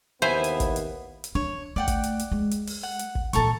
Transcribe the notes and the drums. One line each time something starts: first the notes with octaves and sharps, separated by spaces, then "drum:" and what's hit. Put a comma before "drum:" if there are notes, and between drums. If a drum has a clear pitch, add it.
D#2 B3 E4 C5 E5 G#5
drum: hi-hat
drum: kick, hi-hat
drum: hi-hat
drum: hi-hat
D4 C#5
A3 D5 F#5 G5
drum: kick, hi-hat
drum: hi-hat
drum: hi-hat
G#3
drum: hi-hat
drum: open hi-hat
F#5
drum: hi-hat
drum: kick
A#2 E3 A4 A#5 C#6, drum: hi-hat